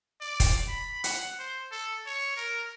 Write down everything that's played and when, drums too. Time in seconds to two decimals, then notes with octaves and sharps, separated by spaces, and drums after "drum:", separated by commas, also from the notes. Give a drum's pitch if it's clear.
0.21 D5
0.40 drum: kick, hi-hat
0.68 B5
1.04 F#5, drum: hi-hat
1.39 C5
1.72 A4
2.06 C#5
2.37 A#4